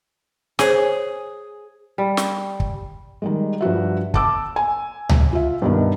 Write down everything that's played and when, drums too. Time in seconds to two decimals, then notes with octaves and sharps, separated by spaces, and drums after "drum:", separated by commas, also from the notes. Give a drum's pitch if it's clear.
0.59 G#4 C5 C#5 G#5, drum: snare
1.98 G3
2.17 drum: snare
2.60 drum: kick
3.22 D#3 G3 G#3
3.61 G2 F3 F#4 E5
4.14 A5 D6 E6, drum: kick
4.56 G#5
5.09 drum: tom C#2
5.33 F4 E5
5.62 G2 B2 D#3